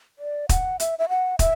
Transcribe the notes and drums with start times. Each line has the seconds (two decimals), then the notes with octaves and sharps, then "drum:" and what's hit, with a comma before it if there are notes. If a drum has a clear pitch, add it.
0.19 D5
0.49 F#5, drum: kick, hi-hat
0.80 E5, drum: hi-hat
0.99 E5
1.09 F#5
1.39 E5, drum: kick, hi-hat